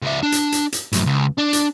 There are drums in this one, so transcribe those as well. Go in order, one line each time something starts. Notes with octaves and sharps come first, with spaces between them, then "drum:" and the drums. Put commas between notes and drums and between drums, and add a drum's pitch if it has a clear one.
C#2 E5
D4
drum: hi-hat
drum: hi-hat
drum: hi-hat
F#2 A2, drum: hi-hat
C#2
D4
drum: hi-hat